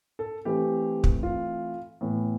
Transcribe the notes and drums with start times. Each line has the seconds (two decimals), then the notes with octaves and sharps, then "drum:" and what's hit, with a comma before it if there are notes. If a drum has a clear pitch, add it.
0.19 A4
0.45 E3 A3 C4 G4
1.04 drum: kick
1.23 F4
2.01 A2 E3 B3